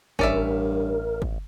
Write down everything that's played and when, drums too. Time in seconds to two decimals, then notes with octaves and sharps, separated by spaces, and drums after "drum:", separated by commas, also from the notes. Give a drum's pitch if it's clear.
0.19 A1 G2 C#4 A#4 D5 E5, drum: kick
1.22 drum: kick